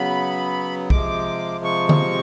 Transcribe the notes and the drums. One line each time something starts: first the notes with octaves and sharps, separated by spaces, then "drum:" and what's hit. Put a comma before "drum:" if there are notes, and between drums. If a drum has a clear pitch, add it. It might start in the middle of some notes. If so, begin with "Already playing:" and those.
Already playing: C#3 F#3 B3 B5
C3 F3 G#3 D6, drum: kick B1
C#6
drum: tom D3